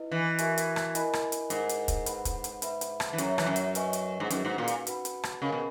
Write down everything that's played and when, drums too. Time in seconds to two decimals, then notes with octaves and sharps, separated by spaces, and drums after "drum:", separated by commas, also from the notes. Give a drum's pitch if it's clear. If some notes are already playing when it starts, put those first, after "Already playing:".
Already playing: E4 B4 D#5
0.12 E3
0.38 F#4 A#4 E5 G#5 C#6, drum: hi-hat
0.58 drum: hi-hat
0.76 drum: rim click
0.95 E4 A#4 D#5 G#5 B5, drum: hi-hat
1.13 drum: rim click
1.32 drum: hi-hat
1.50 G#2 D#4 A#4 D#5 G#5, drum: hi-hat
1.69 drum: hi-hat
1.88 drum: kick, hi-hat
2.06 B4 F#5 B5, drum: hi-hat
2.25 drum: kick, hi-hat
2.44 drum: hi-hat
2.62 B4 E5 B5, drum: hi-hat
2.81 drum: hi-hat
3.00 drum: rim click
3.13 E3
3.18 F#2 C#5 E5 A#5, drum: hi-hat
3.38 E3, drum: rim click
3.46 F#2
3.56 drum: hi-hat
3.75 B4 D#5 G#5 C#6, drum: hi-hat
3.93 drum: hi-hat
4.20 G#2
4.30 F#2 D#4 F#4 B4, drum: hi-hat
4.45 G#2
4.58 A#2
4.68 drum: hi-hat
4.87 F#4 B4 F#5 B5, drum: hi-hat
5.05 drum: hi-hat
5.23 drum: rim click
5.42 C#3 A#4 D#5 G#5 B5
5.52 B2